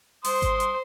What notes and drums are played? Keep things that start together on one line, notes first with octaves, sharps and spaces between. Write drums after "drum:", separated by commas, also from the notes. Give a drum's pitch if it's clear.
C5 C6 D#6, drum: open hi-hat
drum: kick G#1, hi-hat
drum: hi-hat